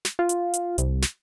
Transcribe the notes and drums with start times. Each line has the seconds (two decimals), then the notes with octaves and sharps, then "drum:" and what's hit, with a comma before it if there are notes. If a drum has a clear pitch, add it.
0.05 drum: snare
0.19 F4
0.29 drum: hi-hat
0.54 drum: hi-hat
0.78 C2, drum: hi-hat
1.02 drum: snare